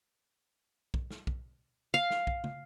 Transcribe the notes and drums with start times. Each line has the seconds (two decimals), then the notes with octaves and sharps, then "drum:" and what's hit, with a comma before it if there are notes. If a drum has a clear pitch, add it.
0.94 drum: kick
1.11 drum: snare
1.27 drum: kick
1.94 F5
2.10 drum: snare
2.27 drum: kick
2.44 drum: tom